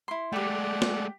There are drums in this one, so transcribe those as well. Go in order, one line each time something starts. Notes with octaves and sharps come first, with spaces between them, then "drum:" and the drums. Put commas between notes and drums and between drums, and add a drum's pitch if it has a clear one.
E4 C6
G#3 A3 G4 D5 F#5 G5
drum: snare